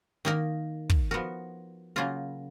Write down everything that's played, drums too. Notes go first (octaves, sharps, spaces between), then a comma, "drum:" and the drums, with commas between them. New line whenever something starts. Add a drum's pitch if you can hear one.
D#3 A#3 D#4 A#4
drum: kick
F3 B3 F#4 A#4
C#3 F#3 A#3 F4 A#4